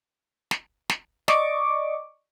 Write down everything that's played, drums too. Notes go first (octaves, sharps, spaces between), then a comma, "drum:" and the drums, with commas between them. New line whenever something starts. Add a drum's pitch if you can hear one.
drum: snare
drum: snare
D5 D#5 C#6 D6, drum: snare